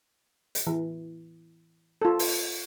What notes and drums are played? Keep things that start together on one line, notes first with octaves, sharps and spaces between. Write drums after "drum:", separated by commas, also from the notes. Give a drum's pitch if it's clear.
drum: hi-hat
E3
F4 A4
drum: open hi-hat